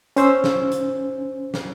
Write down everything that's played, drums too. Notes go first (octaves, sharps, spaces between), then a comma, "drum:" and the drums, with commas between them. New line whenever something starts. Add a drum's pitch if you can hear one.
C#4 C5 E6, drum: hi-hat
drum: snare
drum: hi-hat
drum: snare